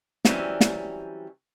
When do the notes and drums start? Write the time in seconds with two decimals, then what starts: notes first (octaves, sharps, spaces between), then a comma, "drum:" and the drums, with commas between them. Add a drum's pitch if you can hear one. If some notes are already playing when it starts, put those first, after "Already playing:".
0.25 E3 F#3 G3 C4 C#4, drum: snare
0.61 drum: snare